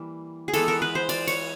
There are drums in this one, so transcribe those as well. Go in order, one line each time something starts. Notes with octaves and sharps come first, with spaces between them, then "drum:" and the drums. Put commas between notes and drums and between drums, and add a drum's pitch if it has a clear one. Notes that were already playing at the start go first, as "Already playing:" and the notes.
Already playing: E3 G3 A#3
G#4
E3 G#3 B3 A4, drum: cymbal
A#4
B4
C5
D5, drum: cymbal
C#5, drum: cymbal